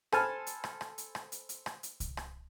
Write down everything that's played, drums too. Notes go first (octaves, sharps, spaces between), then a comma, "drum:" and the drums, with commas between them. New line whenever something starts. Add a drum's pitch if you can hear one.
A4 C5 G#5 A5 B5 F6, drum: rim click
drum: hi-hat
drum: rim click
drum: rim click
drum: hi-hat
drum: rim click
drum: hi-hat
drum: hi-hat
drum: rim click
drum: hi-hat
drum: kick C2, hi-hat
drum: rim click